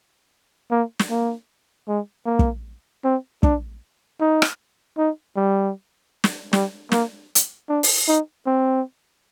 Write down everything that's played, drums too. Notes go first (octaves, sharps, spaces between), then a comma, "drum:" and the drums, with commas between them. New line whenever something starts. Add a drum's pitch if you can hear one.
A#3
drum: snare
A#3
G#3
A#3
drum: kick
C4
D4, drum: kick
D#4
drum: rim click
D#4
G3
drum: snare
G3, drum: snare
A#3, drum: snare
drum: hi-hat
D4
drum: open hi-hat
D#4
C4